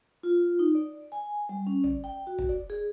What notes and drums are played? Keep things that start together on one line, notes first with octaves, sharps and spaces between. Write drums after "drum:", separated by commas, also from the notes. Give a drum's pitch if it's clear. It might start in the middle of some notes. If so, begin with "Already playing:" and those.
F4
D#4
D5
G#5
G3
C#4
D5, drum: tom
G5
F#4
drum: kick
D5
G#4